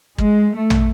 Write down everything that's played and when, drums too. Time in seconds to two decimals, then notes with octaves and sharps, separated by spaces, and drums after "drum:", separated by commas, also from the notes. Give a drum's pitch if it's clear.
0.18 G#3, drum: kick
0.54 A3
0.70 drum: tom